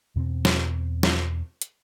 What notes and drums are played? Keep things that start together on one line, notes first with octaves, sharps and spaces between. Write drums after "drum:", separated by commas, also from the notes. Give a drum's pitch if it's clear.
E2 B2 B3 C4
drum: snare
drum: snare
drum: hi-hat